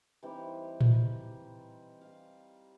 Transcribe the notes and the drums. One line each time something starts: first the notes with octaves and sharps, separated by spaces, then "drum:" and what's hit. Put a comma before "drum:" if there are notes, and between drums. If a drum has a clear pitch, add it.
E3 G3 C4 D#4
drum: tom A2
F5